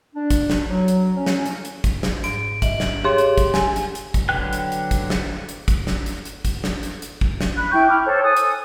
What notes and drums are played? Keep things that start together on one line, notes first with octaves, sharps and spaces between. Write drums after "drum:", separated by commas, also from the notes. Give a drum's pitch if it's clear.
D4
drum: kick, hi-hat
drum: snare
F#3
drum: hi-hat
C#4
drum: snare
drum: hi-hat
drum: hi-hat
drum: kick, hi-hat
drum: snare
G#2 D7, drum: hi-hat
D#5 E5 F#7, drum: kick, hi-hat
drum: snare
G4 G#4 C#5 C6
drum: hi-hat
drum: kick, hi-hat
G#5, drum: snare
drum: hi-hat
drum: hi-hat
drum: kick, hi-hat
D3 F#3 B4 G5 F#6
drum: hi-hat
drum: hi-hat
drum: kick, hi-hat
drum: snare
drum: hi-hat
drum: kick, hi-hat
drum: snare
drum: hi-hat
drum: hi-hat
drum: kick, hi-hat
drum: snare
drum: hi-hat
drum: hi-hat
drum: kick
drum: snare
B5 F#6
E4 G5 C#6 G6
B5 D6 F6
A4 C5 C#5
A4 G#5 D#6 F#6
drum: hi-hat